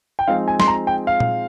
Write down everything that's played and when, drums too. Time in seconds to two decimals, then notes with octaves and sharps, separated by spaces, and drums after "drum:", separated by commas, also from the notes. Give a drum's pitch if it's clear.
0.19 G5
0.28 F3 G#3 C4 D#4 F5
0.48 G#5
0.60 C6, drum: snare
0.68 A#5
0.87 G5
1.07 F5
1.20 drum: tom A#2